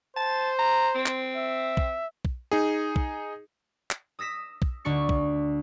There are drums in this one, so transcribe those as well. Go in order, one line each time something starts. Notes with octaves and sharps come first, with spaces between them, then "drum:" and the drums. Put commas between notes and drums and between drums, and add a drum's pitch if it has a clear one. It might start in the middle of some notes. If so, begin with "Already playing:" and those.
C5 A5
A#5
C4
drum: clap
E5
drum: kick
drum: kick
D#4 G#4
drum: kick
drum: clap
D#6 E6 A#6 B6 E7
drum: kick
D2 D3 D4 C#6 C#7
drum: kick